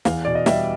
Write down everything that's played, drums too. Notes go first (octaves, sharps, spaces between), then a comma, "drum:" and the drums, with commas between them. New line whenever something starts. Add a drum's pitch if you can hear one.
E2 F5, drum: snare
B2 D5
D#5
G3 E5, drum: snare